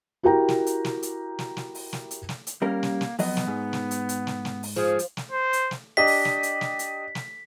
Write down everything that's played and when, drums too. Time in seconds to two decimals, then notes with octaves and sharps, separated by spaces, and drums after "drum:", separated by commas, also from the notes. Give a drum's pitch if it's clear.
0.23 E4 F#4 G4 A#4 G5 A#5
0.48 drum: snare
0.67 drum: hi-hat
0.85 drum: snare
1.03 drum: hi-hat
1.39 drum: snare
1.57 drum: snare
1.75 drum: open hi-hat
1.93 drum: snare
2.11 drum: hi-hat
2.29 drum: snare
2.47 drum: hi-hat
2.62 G3 A#3 C#4 A#4
2.83 drum: snare
3.01 drum: snare
3.19 F2 F#3 B3 D#5, drum: open hi-hat
3.37 drum: snare
3.47 G#2
3.73 drum: snare
3.91 drum: hi-hat
4.09 drum: hi-hat
4.27 drum: snare
4.45 drum: snare
4.63 drum: open hi-hat
4.76 F3 G#4
4.99 drum: hi-hat
5.17 drum: snare
5.32 C5
5.53 drum: hi-hat
5.71 drum: snare
5.97 D4 G4 D#5 B6
6.07 drum: open hi-hat
6.25 drum: snare
6.43 drum: hi-hat
6.61 drum: snare
6.79 drum: hi-hat
7.15 drum: snare